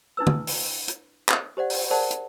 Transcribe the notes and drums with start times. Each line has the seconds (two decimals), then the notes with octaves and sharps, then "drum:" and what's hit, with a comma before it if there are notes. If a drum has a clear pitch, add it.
0.17 D4 E4 B4 E6
0.27 drum: tom
0.47 drum: open hi-hat
0.88 drum: hi-hat
1.29 drum: clap
1.57 G4 C5 D5 F#5
1.70 drum: open hi-hat
1.90 G#4 A#4 C5 D5 F#5 A5
2.11 drum: hi-hat